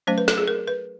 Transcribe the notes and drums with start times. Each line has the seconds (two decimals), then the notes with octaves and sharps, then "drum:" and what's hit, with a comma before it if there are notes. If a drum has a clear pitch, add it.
0.07 F#3 A3 C#4 C5
0.18 B4
0.28 A4, drum: snare
0.38 G#4
0.48 A#4
0.68 B4